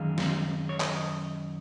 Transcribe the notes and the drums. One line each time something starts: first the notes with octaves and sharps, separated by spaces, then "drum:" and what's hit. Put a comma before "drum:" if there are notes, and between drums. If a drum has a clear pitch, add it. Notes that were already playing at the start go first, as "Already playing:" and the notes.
Already playing: F#2 D#3 G#3 F5
drum: snare
C#5
D#5, drum: clap